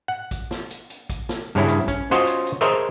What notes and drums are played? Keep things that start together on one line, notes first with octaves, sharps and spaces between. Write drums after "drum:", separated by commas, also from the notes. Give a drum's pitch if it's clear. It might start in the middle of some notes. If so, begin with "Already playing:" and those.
F#5
drum: kick, hi-hat
drum: snare
drum: hi-hat
drum: hi-hat
drum: kick, hi-hat
drum: snare
G2 C#3 C#4 E4
drum: hi-hat
C#4, drum: kick, hi-hat
C#4 F4 F#4 C5 C#5 D#5
drum: hi-hat
drum: hi-hat
G#4 A#4 C5 C#5 D#5 E5